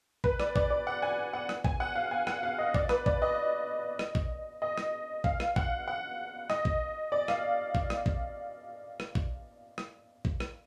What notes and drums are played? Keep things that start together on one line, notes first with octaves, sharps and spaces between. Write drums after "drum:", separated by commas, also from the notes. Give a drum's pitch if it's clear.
B4, drum: kick A1
D5, drum: rim click
D5, drum: kick A1
D5
F#5
G#5
F#5
drum: rim click
G#5, drum: kick A1
F#5
F5
G#5
F#5, drum: rim click
F5
D#5
D5, drum: kick A1
B4, drum: rim click
D5, drum: kick A1
D#5
drum: rim click
drum: kick A1
D#5
drum: rim click
F5, drum: kick A1
drum: rim click
F#5, drum: kick A1
F#5
D#5, drum: rim click
drum: kick A1
D5
F5, drum: rim click
drum: kick A1
drum: rim click
drum: kick A1
drum: rim click
drum: kick A1
drum: rim click
drum: kick A1
drum: rim click